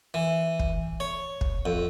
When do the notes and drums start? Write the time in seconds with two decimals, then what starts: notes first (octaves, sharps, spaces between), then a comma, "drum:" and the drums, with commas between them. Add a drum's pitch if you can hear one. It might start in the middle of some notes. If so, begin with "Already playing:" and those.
0.14 E3
0.60 drum: kick
1.00 C#5
1.41 drum: kick
1.66 F2